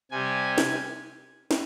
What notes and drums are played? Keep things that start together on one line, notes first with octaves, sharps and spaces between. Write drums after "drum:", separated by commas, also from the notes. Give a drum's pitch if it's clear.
C3 G3 G#5
drum: snare
drum: snare